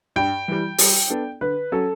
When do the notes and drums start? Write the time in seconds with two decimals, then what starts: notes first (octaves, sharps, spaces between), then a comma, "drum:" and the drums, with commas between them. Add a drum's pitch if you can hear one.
0.16 G2 G5
0.48 E3 G3
0.78 G3, drum: open hi-hat
1.10 B3 D4 A4 D5
1.41 D3 B4
1.72 F#3 C#4 A4